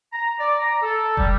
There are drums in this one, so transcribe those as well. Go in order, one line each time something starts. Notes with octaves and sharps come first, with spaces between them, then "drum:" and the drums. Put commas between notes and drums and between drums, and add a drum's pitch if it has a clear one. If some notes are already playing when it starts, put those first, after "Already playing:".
A#5
D5
A#5
A4
G3, drum: kick